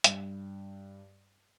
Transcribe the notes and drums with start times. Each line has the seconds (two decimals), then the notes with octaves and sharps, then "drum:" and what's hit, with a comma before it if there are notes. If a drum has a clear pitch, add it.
0.04 G2, drum: hi-hat